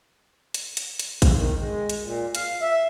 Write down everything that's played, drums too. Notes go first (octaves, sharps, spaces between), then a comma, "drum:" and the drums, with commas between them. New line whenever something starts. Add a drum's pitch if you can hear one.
drum: hi-hat
drum: hi-hat
drum: hi-hat
drum: kick, hi-hat
D#3
G#3
drum: hi-hat
A#2
F5, drum: hi-hat
E5